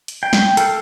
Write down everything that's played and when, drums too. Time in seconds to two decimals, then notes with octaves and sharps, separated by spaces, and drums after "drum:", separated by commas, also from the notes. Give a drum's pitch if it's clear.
0.08 drum: hi-hat
0.23 G5
0.33 drum: snare
0.57 A4 F5, drum: hi-hat